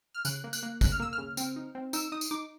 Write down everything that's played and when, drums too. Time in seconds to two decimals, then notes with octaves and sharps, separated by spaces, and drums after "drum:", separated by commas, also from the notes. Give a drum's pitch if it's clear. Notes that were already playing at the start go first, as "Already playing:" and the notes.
0.15 F6
0.25 C#3 F#6, drum: tambourine
0.44 A#3
0.53 F#6, drum: tambourine
0.63 A#3
0.81 C#3 F#6, drum: kick G#1, tambourine
0.92 F6
1.00 A#3 E6
1.13 F6
1.18 C#3
1.37 C4, drum: tambourine
1.56 D#4
1.75 C4
1.93 D#4 E6, drum: tambourine
2.12 D#4 D#6
2.21 drum: tambourine
2.31 D#4 D6